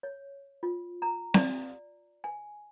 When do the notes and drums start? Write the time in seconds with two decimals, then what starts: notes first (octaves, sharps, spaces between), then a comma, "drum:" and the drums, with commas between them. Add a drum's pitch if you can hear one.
0.03 C#5
0.63 F4
1.02 A#5
1.34 D5, drum: snare C4
2.24 G#5